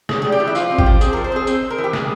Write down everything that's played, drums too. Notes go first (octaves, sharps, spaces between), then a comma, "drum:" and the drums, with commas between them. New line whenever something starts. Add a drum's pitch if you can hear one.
C#4 G#4, drum: snare
G3 G#4
G4
E3
E4
F3 F4, drum: tambourine
C4
G4, drum: kick G#1
F3
C4 G#4, drum: tambourine
F3 A#4
C5
C4 G#4
C4 C5, drum: tambourine
G#3
A#4
E3
G4
E3 G#4, drum: snare